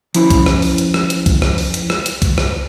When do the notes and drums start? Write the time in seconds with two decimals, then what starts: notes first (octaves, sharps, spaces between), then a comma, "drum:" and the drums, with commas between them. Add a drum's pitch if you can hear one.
0.14 F3 C#4 E4 B5, drum: hi-hat
0.30 drum: kick, hi-hat
0.46 drum: rim click
0.62 drum: open hi-hat
0.78 drum: hi-hat
0.94 drum: rim click
1.10 drum: hi-hat
1.26 drum: kick, hi-hat
1.42 drum: rim click
1.58 drum: open hi-hat
1.74 drum: hi-hat
1.90 drum: rim click
2.06 drum: hi-hat
2.22 drum: kick, hi-hat
2.38 drum: rim click